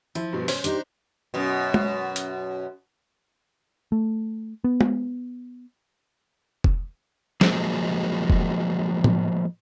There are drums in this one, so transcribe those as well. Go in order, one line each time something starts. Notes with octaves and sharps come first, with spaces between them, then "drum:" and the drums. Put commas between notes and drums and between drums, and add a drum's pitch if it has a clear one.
F3 E4
G2 B2
C#4 C5, drum: open hi-hat
D4 D#4 G4, drum: hi-hat
F#2 B2
drum: tom G#3
drum: hi-hat
A3
B3
drum: tom G#3
drum: kick F1
F3 F#3 G#3 A#3, drum: snare
drum: kick F1
drum: tom A2